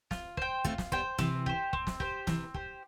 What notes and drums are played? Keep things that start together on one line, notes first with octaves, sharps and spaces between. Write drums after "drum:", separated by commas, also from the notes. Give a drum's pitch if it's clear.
F4, drum: snare
C5 G5, drum: kick
A3 C4 F4, drum: kick
drum: snare
G3 B3 C5 G5, drum: kick
C3 E3 C4, drum: snare
G4 C5, drum: kick
C4, drum: kick
drum: snare
G4 C5, drum: kick
C3 E3 C4, drum: snare
G4 C5, drum: kick